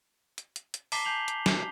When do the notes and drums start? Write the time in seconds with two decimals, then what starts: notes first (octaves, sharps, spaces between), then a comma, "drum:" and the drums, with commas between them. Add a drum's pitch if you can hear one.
0.38 drum: hi-hat
0.56 drum: hi-hat
0.74 drum: hi-hat
0.92 A5 A#5 D6 B6 C7 G7, drum: open hi-hat
1.05 G#5 A5 G6 C7 F7 F#7
1.28 drum: hi-hat
1.46 drum: snare